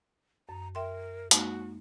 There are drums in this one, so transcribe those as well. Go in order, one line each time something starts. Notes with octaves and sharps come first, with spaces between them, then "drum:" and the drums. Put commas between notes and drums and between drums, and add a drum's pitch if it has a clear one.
F#2 A#5
A#4 E5 G5 C6
G#3 A#3 D#4 F#4, drum: hi-hat